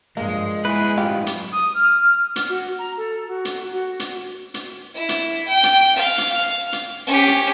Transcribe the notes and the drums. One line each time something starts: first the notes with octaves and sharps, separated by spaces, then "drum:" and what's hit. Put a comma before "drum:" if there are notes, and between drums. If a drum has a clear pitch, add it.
G2 F3 G#3 A#3
G#3 E4 G#4 B4
F#2 A2 F4 G4
drum: hi-hat
D#6
F6
drum: hi-hat
F#4
A#5
A4
F#4
drum: hi-hat
F#4
drum: hi-hat
drum: hi-hat
E4
drum: hi-hat
G5
drum: hi-hat
F5
drum: hi-hat
drum: hi-hat
C#4 G4
drum: hi-hat